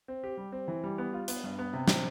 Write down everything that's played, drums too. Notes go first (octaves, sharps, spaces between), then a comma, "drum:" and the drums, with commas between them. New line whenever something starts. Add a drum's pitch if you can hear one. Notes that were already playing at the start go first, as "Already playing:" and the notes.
C4
G4
G3
C4
E3
G3
B3
F4
B3, drum: hi-hat
G2
B3
C3
C4, drum: snare